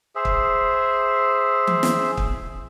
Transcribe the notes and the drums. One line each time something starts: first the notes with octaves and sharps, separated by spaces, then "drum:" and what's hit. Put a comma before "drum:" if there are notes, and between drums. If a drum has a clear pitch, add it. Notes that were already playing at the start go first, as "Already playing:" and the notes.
G#4 C5 E5
drum: kick
drum: tom E3
drum: snare
drum: kick